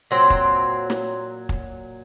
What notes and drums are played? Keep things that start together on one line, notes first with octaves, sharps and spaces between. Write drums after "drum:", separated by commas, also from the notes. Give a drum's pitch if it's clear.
A#2 F#3 C4
drum: kick
drum: snare
drum: kick